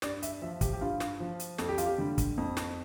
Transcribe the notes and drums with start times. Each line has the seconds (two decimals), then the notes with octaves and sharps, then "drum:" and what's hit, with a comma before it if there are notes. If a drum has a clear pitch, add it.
0.02 G2 D5, drum: snare
0.23 E5, drum: hi-hat
0.42 F3 E5
0.61 G4, drum: kick, hi-hat
0.73 G4
0.81 G2 F4
1.00 drum: snare
1.20 F3
1.39 drum: hi-hat
1.58 F2 A4, drum: snare
1.68 G4
1.78 F4, drum: hi-hat
1.86 G4
1.98 D3 G3
2.18 drum: kick, hi-hat
2.38 F2
2.57 drum: snare